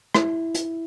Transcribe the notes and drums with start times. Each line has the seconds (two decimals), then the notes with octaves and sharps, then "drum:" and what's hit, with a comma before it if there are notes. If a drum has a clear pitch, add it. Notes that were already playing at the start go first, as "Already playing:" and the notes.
0.15 E4, drum: rim click
0.55 drum: hi-hat